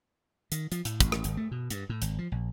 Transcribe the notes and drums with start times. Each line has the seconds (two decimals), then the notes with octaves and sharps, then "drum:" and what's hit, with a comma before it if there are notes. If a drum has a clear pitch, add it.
0.52 D#3, drum: hi-hat
0.72 F3, drum: hi-hat
0.85 A2, drum: hi-hat
1.00 A1, drum: kick, hi-hat
1.12 drum: rim click
1.24 G#1, drum: hi-hat
1.37 A3
1.51 B2
1.70 G2, drum: hi-hat
1.89 A2
2.02 G#1, drum: hi-hat
2.18 F3
2.32 A#1